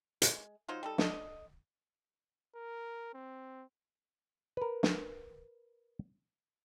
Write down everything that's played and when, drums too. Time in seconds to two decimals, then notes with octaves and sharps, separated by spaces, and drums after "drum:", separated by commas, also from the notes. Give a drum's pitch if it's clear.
0.22 G#3, drum: hi-hat
0.68 F#3 D#4 F4 C5
0.83 G3 D#4 A4
0.98 A4 D5 D#5, drum: snare
2.55 A#4
3.14 C4
4.57 A#4 B4
4.83 drum: snare